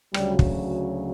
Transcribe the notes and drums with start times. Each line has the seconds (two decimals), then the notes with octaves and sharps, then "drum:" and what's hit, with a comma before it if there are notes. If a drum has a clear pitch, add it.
0.14 D2 C#3 F#3 G3, drum: rim click
0.39 drum: kick